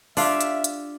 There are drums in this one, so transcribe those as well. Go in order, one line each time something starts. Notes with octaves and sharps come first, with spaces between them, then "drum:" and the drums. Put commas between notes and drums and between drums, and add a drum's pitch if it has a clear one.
D4 F4 G4 E5 F5, drum: open hi-hat
drum: hi-hat
drum: hi-hat